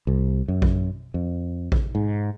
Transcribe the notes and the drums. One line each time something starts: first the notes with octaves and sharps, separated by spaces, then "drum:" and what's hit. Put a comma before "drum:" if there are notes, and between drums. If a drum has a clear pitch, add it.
C2
F#2
drum: kick A1
F2
drum: kick A1
G#2